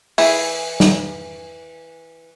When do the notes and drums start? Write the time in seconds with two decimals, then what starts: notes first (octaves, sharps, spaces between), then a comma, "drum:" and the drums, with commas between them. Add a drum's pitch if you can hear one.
0.18 E3 G#4, drum: open hi-hat
0.80 drum: snare